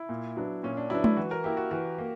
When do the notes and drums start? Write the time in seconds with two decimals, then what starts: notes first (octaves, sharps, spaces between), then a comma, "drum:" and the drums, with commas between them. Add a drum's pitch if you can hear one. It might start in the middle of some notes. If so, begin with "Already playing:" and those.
Already playing: E4
0.09 A#2
0.37 F#3 B3 D4
0.63 A#2 C#4
0.77 D4
0.90 F#3 B3 D4 E4
1.04 E4, drum: tom G#3
1.17 E3 F#4
1.31 A#4
1.44 A#3 E4 G4
1.57 F#4
1.71 E3 F#4
1.98 A#3